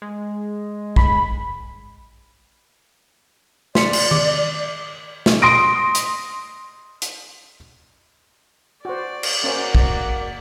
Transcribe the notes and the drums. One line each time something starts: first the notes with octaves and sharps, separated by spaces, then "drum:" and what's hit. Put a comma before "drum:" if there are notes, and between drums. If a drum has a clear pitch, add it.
G#3
B5, drum: kick A#1
D5 C6 B6 C#7, drum: snare
drum: cymbal
D6, drum: tom D#3
drum: snare
C6 D#6 A#6 D7
drum: hi-hat
drum: hi-hat
F#4 C5 D5
drum: cymbal
A#3 C#4 F#4 C5
drum: kick A#1